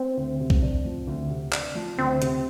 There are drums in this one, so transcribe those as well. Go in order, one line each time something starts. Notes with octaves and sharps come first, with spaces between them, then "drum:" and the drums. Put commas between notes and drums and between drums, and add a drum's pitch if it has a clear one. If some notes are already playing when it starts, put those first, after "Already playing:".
Already playing: C4
D2
C3
drum: kick B1
D4
F3
D2
C3
D4, drum: clap
F3
D2 C4
C3, drum: hi-hat